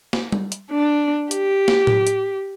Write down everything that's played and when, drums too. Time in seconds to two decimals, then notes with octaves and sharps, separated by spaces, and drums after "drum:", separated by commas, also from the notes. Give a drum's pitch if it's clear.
0.13 drum: snare
0.32 drum: tom G3
0.52 drum: hi-hat
0.71 D4
1.31 G4, drum: hi-hat
1.68 drum: snare
1.87 drum: tom A2
2.07 drum: hi-hat